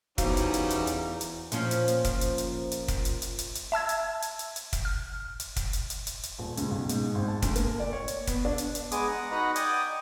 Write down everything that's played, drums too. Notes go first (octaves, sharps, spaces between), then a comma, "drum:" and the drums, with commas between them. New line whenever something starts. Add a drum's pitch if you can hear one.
E2 E3 G3 C#4 D#4 F#4 C5 F5, drum: kick, hi-hat
drum: hi-hat
drum: hi-hat
drum: hi-hat
drum: hi-hat
drum: hi-hat
A#2 F3 C#4, drum: hi-hat
drum: hi-hat
drum: hi-hat
drum: kick, hi-hat
drum: hi-hat
drum: hi-hat
drum: hi-hat
drum: kick, hi-hat
drum: hi-hat
drum: hi-hat
drum: hi-hat
drum: hi-hat
E5 A5 E6 G#6
drum: hi-hat
drum: hi-hat
drum: hi-hat
drum: hi-hat
drum: kick, hi-hat
F6
drum: hi-hat
drum: kick, hi-hat
drum: hi-hat
drum: hi-hat
drum: hi-hat
drum: hi-hat
D#1
C#2, drum: hi-hat
B1
G#2, drum: hi-hat
G#1
A5
D2, drum: kick, hi-hat
A#3, drum: hi-hat
D5
C#5
drum: hi-hat
B3, drum: kick, hi-hat
D4
drum: hi-hat
drum: hi-hat
G#3 B3 G#4 D6 D#6, drum: hi-hat
F#5 A#5
D#4 F#4 B4 F#5 A#5
D5 D#5 G5 G#5 D6 D#6, drum: hi-hat